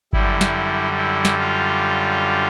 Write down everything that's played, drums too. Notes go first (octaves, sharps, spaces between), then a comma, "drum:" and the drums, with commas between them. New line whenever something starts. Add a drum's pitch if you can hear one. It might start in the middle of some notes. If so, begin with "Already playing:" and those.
F#2 D3 G3 E4, drum: kick G1
drum: snare
E4
drum: snare
F4